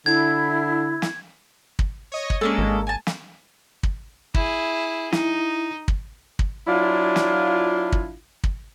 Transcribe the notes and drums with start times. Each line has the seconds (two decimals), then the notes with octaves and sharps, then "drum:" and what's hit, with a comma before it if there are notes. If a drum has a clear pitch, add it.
0.06 D3 E4 G#6
1.02 drum: snare
1.79 drum: kick
2.12 C#5 D#5
2.30 drum: kick
2.41 G#3 A#3 C#4 D4 A4
2.58 G#1
2.87 G#5 A5
3.07 drum: snare
3.83 drum: kick
4.34 E4 G#4, drum: kick
5.12 D#4 E4, drum: snare
5.88 drum: kick
6.39 drum: kick
6.66 F#3 D4 E4 F4
7.16 drum: snare
7.92 drum: kick
8.44 drum: kick